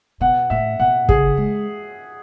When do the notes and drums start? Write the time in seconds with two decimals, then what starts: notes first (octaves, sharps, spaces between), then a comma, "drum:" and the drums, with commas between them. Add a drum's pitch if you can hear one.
0.21 B2 F#5
0.50 A2 E5
0.79 B2 F#5
1.09 C#3 G#4, drum: kick G1
1.37 G#3